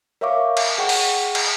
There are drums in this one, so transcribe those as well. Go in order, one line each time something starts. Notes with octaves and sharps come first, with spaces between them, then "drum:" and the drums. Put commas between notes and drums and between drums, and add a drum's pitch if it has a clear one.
A#4 C#5 E5 F5 C#6 D6
drum: cymbal
G#4 F#5 G5 C#6
drum: open hi-hat
drum: cymbal